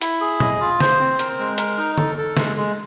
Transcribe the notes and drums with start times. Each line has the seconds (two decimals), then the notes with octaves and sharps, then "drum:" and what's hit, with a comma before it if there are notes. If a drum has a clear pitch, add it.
0.01 E4, drum: hi-hat
0.21 G#4
0.40 D#5, drum: tom A#2
0.61 F4
0.80 C5, drum: snare
1.00 C4
1.19 A#4, drum: hi-hat
1.39 G#3
1.58 A#4, drum: hi-hat
1.78 D#4
1.98 A4, drum: tom D3
2.18 A4
2.37 G#3, drum: snare
2.57 G#3